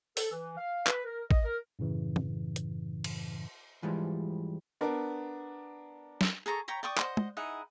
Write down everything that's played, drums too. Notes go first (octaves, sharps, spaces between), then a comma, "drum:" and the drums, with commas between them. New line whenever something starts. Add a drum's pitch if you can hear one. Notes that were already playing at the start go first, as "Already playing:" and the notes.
A4, drum: open hi-hat
E3
F5
B4, drum: clap
A#4
D#5, drum: kick
A#4
F#2 A2 C#3 E3
drum: tom
drum: hi-hat
drum: cymbal
G#2 E3 F3 G3 G#3
B3 D4 A#4
drum: snare
G#4 A4 A#5 C#6
C#5 G5 A#5 B5
D5 G5 C#6 D#6
C5 D#5 F#5, drum: clap
drum: tom
D#4 E4 G#4 F#5